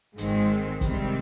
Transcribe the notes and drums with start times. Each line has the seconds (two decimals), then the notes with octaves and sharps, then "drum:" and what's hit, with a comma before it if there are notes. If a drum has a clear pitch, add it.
0.18 G#1 G#2 D#3 G#3 C4, drum: hi-hat
0.81 C3 D#3 G3 C4, drum: kick, hi-hat